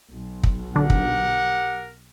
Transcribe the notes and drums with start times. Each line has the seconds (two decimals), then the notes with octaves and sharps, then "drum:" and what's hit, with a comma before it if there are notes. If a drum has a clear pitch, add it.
0.13 B1
0.43 drum: kick
0.76 D3 D4 G4 A#4 F#5
0.90 drum: kick